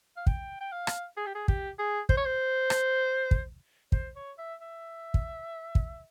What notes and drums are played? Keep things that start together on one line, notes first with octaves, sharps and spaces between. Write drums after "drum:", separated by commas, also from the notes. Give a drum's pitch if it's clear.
F5
G5, drum: kick
G5
F5
drum: rim click
G#4
G4
G#4
G4, drum: kick
G#4
C5, drum: kick
C#5
C5
drum: rim click
drum: kick
C5, drum: kick
C#5
E5
E5
drum: kick
drum: kick